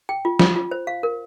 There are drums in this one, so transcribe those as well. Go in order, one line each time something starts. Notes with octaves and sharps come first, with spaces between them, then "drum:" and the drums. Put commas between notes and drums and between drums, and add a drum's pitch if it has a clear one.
G5
F4
F4, drum: snare
F4
C5
F5
A#4